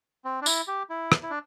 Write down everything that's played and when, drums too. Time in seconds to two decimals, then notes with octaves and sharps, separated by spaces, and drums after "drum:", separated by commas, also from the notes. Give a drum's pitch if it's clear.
0.25 C4
0.42 D4
0.46 E4, drum: tambourine
0.68 G4
0.90 E4
1.12 drum: rim click
1.23 E4
1.30 D4